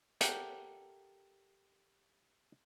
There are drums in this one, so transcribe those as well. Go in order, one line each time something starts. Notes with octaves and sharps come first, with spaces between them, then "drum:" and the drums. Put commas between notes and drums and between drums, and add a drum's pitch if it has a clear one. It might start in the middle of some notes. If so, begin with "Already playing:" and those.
G4 A4 A#4 E5 F#5 G5, drum: hi-hat